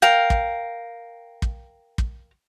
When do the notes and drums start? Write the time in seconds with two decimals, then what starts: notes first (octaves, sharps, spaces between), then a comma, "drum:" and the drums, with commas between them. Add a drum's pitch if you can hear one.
0.02 A#4 F5 G5
0.30 drum: kick
1.42 drum: kick
1.98 drum: kick